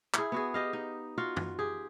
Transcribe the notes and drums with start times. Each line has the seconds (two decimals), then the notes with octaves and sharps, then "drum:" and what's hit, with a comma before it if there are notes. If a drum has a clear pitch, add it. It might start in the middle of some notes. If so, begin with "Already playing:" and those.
0.14 E4 G#4, drum: clap
0.32 B3 F#4 G#4
0.54 G4 D#5 F5
0.73 D#4
1.18 F4 F#4 F5
1.37 drum: tom
1.59 G4 G#4